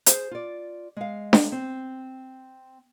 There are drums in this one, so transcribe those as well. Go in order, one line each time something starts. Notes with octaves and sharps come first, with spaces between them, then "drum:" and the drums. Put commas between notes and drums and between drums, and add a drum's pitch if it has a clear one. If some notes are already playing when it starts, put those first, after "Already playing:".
G#4 C5, drum: hi-hat
F4 D5
G#3 F5
drum: snare D4
C4